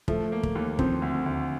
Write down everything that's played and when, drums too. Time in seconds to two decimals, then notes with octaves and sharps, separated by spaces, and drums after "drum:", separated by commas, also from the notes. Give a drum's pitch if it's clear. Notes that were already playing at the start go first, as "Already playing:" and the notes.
0.08 F3 A3, drum: kick
0.32 A#3
0.43 drum: kick
0.55 D#2
0.79 F3 C4, drum: kick
1.02 D2
1.26 D2